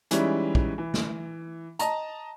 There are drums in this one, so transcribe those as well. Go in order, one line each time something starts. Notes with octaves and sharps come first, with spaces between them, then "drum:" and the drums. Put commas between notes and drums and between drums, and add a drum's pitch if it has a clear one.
E3 G3 G#3 C#4 D#4 E4, drum: hi-hat
drum: kick
E3
drum: snare
D#5 A5 A#5, drum: hi-hat